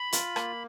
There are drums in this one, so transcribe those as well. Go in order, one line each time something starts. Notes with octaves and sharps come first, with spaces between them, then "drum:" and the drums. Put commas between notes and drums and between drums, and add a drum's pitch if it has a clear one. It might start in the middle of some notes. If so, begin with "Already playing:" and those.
Already playing: B5
F4, drum: hi-hat
A#3, drum: rim click